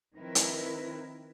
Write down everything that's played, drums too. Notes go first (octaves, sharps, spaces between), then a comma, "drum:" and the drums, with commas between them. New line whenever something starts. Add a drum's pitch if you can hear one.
D#3 F3 C4 E4 A#4 B4
drum: hi-hat